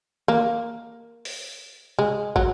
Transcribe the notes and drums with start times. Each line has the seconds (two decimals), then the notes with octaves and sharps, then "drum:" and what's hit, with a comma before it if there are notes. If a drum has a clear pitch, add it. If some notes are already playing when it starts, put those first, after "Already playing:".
0.28 A#3, drum: tom
1.25 drum: open hi-hat
1.99 G#3, drum: tom
2.36 F#3, drum: kick